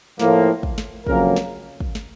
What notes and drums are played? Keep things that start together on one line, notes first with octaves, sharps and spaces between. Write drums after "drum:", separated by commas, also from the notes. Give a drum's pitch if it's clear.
A2 F3 A#3, drum: snare
drum: kick
drum: snare
F2 C#3 F#3 A#3 A#4, drum: kick
drum: snare
drum: kick
drum: snare